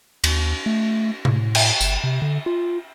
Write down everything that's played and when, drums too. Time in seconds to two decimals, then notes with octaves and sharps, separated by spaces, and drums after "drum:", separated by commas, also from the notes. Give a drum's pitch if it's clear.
0.24 D#2, drum: cymbal
0.66 A3
1.25 A2, drum: tom C3
1.55 drum: cymbal
1.81 G1, drum: tambourine
2.04 C3
2.22 D3
2.46 F4